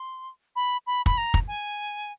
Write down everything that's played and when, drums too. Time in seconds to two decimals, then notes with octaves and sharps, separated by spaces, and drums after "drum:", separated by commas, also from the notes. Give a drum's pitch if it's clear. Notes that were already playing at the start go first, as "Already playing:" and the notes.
Already playing: C6
0.56 B5
0.87 B5
1.06 B5, drum: kick
1.18 A#5
1.34 drum: kick
1.48 G#5